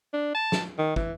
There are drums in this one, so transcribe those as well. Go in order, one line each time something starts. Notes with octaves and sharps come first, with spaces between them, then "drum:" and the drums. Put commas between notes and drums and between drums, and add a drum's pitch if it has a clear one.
D4
A5
drum: snare
D#3
E3, drum: kick